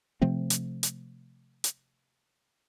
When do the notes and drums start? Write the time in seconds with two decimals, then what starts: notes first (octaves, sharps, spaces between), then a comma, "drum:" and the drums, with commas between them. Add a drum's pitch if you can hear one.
0.22 C3 F3 A3 C4
0.50 drum: hi-hat
0.83 drum: hi-hat
1.64 drum: hi-hat